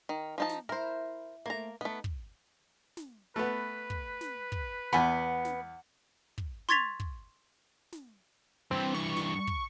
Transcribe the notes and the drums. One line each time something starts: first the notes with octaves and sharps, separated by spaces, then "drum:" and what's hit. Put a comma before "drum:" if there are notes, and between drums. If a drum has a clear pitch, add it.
D#3
F3 D#4 A5
drum: snare
E4 A#4 C5
A3 A#3 C4 A#5
A3 B3 D#4
drum: kick
drum: snare
A3 B3 B4
drum: kick
drum: snare
drum: kick
E2 B3 F#5 G#5 B5
drum: snare
drum: kick
C6 C#6 G#6 A6 B6 F7, drum: snare
drum: kick
drum: snare
G2 E3 C4
C#6
drum: snare
drum: kick